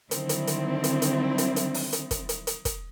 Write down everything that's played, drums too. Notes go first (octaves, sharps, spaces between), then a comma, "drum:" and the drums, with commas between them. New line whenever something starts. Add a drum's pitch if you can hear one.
D3 D#3 F#3 G3 C4 E4, drum: hi-hat
drum: hi-hat
drum: hi-hat
drum: hi-hat
drum: hi-hat
drum: hi-hat
drum: hi-hat
drum: open hi-hat
drum: hi-hat
drum: kick, hi-hat
drum: hi-hat
drum: hi-hat
drum: kick, hi-hat